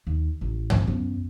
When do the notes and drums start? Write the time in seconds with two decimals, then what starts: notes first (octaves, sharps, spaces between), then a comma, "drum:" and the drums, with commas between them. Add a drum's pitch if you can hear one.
0.07 D#2
0.41 A1
0.70 drum: tom
0.87 F#2 B3